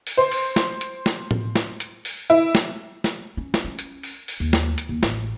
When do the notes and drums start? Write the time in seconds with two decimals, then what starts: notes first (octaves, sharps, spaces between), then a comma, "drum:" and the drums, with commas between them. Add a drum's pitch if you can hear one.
0.07 drum: open hi-hat
0.17 C5
0.32 drum: open hi-hat
0.56 drum: snare
0.81 drum: hi-hat
1.06 drum: snare
1.31 drum: tom A2
1.55 drum: snare
1.80 drum: hi-hat
2.05 drum: open hi-hat
2.30 E4
2.55 drum: snare
3.04 drum: snare
3.37 C#4
3.54 drum: snare
3.65 C#4
3.79 drum: hi-hat
4.03 drum: open hi-hat
4.28 drum: open hi-hat
4.40 D#2
4.53 drum: snare
4.78 drum: hi-hat
4.89 D#2
5.03 A1, drum: snare